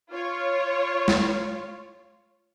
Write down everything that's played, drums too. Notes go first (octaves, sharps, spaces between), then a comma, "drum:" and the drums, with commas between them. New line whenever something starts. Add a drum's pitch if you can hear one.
F4 C#5
drum: snare